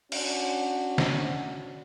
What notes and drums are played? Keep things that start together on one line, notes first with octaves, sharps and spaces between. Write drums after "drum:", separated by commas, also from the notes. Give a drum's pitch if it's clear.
C#4 D4 F#4, drum: cymbal
drum: snare